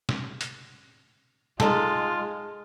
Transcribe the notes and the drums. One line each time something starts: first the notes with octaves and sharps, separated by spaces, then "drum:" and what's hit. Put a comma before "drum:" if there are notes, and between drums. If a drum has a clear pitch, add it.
drum: snare
drum: hi-hat
G#3 D#4 F4 A4, drum: snare